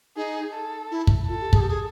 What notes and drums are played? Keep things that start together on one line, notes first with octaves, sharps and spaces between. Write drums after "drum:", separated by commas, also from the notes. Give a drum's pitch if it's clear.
D#4 G#4
A4
E4
drum: kick
F4 A4
G4
G#4, drum: kick
G4
G#4